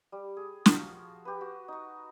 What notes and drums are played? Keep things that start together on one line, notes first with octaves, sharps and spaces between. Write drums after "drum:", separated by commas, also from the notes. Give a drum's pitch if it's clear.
G3
G#4
F3 F#4 F5, drum: snare
G4 B4
F#4
D#4 C#6